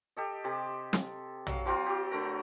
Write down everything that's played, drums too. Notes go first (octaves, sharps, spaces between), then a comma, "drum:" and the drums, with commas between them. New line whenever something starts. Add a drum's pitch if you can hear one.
G4 A4 D#5
C3 G4 A4
drum: snare
F#3 F5, drum: tom A#1
F3 F#3 C4 F4
F#3 G4
D3 A3 A#4